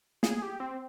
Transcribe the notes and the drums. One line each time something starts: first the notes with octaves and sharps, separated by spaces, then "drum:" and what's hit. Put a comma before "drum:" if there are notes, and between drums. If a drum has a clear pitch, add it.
G#4, drum: snare
G4
C4